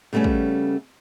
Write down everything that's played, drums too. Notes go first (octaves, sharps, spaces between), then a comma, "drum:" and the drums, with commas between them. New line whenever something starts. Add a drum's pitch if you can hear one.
C#3 G3 A3 B3 C#4
drum: kick